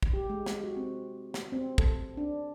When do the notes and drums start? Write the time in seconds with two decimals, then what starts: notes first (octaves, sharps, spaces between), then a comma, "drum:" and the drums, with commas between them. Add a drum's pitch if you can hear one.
0.03 drum: kick
0.14 G4
0.30 G#3
0.46 drum: snare
0.63 F#4
0.77 C4
1.34 drum: snare
1.53 C4
1.78 A4, drum: kick
2.17 D4